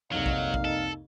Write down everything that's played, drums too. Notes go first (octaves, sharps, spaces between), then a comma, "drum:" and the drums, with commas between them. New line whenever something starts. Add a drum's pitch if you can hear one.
C2 F2 F#3 A#3 D#4 F5
drum: kick A#1
drum: kick A#1
A4